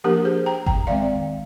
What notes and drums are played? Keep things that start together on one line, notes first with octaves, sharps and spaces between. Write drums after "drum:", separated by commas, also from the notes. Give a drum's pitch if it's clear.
F3 A#3 D4 G4 A#4
G#4 C5
G5 A#5
G5 A#5, drum: kick G1
D#3 G#3 C4 D5 F5